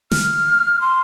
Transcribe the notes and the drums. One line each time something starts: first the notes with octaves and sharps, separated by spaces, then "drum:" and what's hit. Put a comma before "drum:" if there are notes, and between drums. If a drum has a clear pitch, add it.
F6, drum: snare
C6